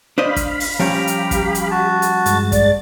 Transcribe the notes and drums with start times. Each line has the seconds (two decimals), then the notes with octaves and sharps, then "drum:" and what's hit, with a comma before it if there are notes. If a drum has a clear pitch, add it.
0.18 D4 C5 D#5 F5 B5
0.36 drum: kick, hi-hat
0.60 drum: open hi-hat
0.79 F3 G3 C#4 G4 G5 A#5
1.07 drum: hi-hat
1.31 drum: kick, hi-hat
1.55 drum: hi-hat
1.71 F#4 A5
2.02 drum: hi-hat
2.26 G2 G#3 A6, drum: hi-hat
2.52 D5, drum: kick, hi-hat